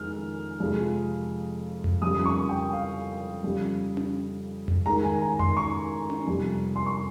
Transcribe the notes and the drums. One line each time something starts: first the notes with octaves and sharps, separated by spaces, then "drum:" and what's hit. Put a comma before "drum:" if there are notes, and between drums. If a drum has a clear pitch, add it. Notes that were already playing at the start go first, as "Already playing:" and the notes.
Already playing: F2 D#3 G#3 F6
F2 C3 F3 G#3
drum: tom F2
F2 C#3 G3 D#6
C#6
G5
F5
F2 C#3 G3
drum: tom C#4
drum: tom F2
G#2 D#3 G#3 A#5
G#5
A#5
C6, drum: tom F2
C#6
drum: tom C#4
F2 C3 G3
C6
C#6